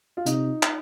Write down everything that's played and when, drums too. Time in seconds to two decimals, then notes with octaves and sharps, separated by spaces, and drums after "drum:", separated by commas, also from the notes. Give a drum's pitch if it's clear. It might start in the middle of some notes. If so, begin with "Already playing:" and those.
0.17 F4
0.26 C3 D#4, drum: hi-hat
0.63 drum: clap